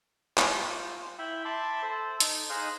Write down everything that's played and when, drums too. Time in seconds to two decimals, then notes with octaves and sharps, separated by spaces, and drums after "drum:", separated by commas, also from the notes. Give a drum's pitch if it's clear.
0.38 F4 C5, drum: clap
1.19 E4 E5 G5 B5
1.45 E5 A5 B5 C6 D6
1.83 A4 C5
2.20 D#4, drum: hi-hat
2.50 D#4 G#4 C5 D#5 F5 F#6